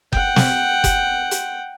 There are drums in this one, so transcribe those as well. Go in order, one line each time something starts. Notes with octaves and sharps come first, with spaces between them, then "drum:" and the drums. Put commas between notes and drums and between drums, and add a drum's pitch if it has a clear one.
F#5 G5, drum: kick F#1
drum: snare
drum: kick F#1, hi-hat
drum: hi-hat